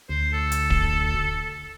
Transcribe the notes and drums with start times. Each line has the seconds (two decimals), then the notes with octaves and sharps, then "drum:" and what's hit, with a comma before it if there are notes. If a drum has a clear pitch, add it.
0.09 D2 C5
0.33 A4
0.52 drum: hi-hat
0.70 drum: kick D1